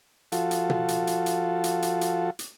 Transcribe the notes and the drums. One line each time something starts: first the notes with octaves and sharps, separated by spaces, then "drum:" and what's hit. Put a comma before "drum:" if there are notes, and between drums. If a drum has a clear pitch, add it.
F3 F4 F#4 A4, drum: hi-hat
drum: hi-hat
drum: tom B2
drum: hi-hat
drum: hi-hat
drum: hi-hat
drum: hi-hat
drum: hi-hat
drum: hi-hat
drum: hi-hat